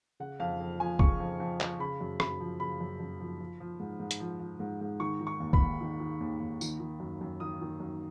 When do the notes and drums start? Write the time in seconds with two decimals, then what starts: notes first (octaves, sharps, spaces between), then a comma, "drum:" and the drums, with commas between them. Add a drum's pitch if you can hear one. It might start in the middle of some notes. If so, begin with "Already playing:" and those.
0.20 C#3 F#5
0.40 F2 F5
0.60 F2
0.80 F3 G#5
0.99 C#3 C#6, drum: kick B1
1.20 F2
1.40 F2
1.61 F3, drum: clap
1.80 C#3 B5
2.01 F#2
2.20 F#2 B5, drum: rim click
2.40 F3
2.60 C#3 B5
2.81 F#2
3.00 F#2
3.20 F3
3.40 F3
3.60 F3
3.80 G#2
4.00 G#2
4.11 drum: hi-hat
4.20 F3
4.40 F3
4.60 G#2
4.81 G#2
5.00 D#3 C#6
5.21 D#3
5.27 C#6
5.40 D#2
5.53 B5, drum: kick B1
5.60 D#2
5.81 D#3
6.00 D#3
6.20 D#2
6.40 D#2
6.61 D#3, drum: tambourine
6.80 D#3
7.00 F#2
7.21 F#2
7.40 D#3 D#6
7.61 D#3
7.80 F#2